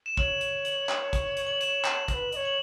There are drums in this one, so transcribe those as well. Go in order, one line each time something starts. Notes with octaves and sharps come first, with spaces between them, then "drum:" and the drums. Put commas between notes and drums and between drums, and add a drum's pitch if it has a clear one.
E7
C#5 F#7, drum: kick
E7, drum: hi-hat
F#7, drum: hi-hat
drum: clap
drum: kick, hi-hat
drum: hi-hat
F#7
E7, drum: hi-hat
drum: clap
C#5, drum: kick, hi-hat
B4
D#5, drum: hi-hat
C#5
F#7